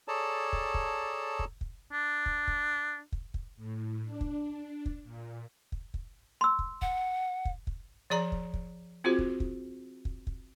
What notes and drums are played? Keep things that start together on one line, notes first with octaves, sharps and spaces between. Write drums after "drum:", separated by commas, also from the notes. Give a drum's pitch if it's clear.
G#4 A4 C#5 D5 A5 A#5
drum: kick
drum: kick
drum: kick
drum: kick
D4
drum: kick
drum: kick
drum: kick
drum: kick
A2
D4
drum: kick
drum: kick
A#2
drum: kick
drum: kick
C6 E6
drum: kick
F#5, drum: kick
drum: kick
drum: kick
F3 G#4 D5 A#5
drum: kick
drum: kick
C4 F4 F#4 G#4 C5
drum: kick
drum: kick
drum: kick
drum: kick